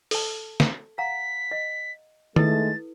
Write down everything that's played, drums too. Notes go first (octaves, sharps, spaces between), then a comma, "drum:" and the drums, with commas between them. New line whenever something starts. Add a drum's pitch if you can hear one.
A4 A5, drum: open hi-hat
drum: snare
F5 F#5 A#5 B6
D#5
D#3 G#3 A3 E4 A4 B4 A6, drum: tom D#3